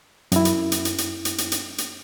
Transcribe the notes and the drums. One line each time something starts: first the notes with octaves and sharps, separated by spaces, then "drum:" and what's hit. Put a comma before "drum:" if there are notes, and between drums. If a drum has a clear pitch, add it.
F#2 E4, drum: hi-hat
drum: hi-hat
drum: hi-hat
drum: hi-hat
drum: hi-hat
drum: hi-hat
drum: hi-hat
drum: hi-hat
drum: hi-hat